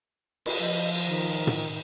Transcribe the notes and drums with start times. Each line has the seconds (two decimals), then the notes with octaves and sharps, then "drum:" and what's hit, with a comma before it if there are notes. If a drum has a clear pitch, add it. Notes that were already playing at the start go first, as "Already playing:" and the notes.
0.46 drum: cymbal
0.61 F3 D#5
1.07 D#3
1.47 drum: tom